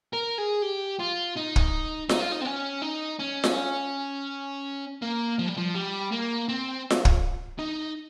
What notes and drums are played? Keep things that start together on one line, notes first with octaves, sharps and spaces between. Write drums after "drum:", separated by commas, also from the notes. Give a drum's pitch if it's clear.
A#4
G#4
G4
F4
D#4
drum: kick
D#4, drum: snare F4
F4
D#4
C4
C#4
D#4
C#4
drum: snare F4
A#3
F3
G3
F3
G3
A#3
C4
drum: snare F4
drum: kick
D#4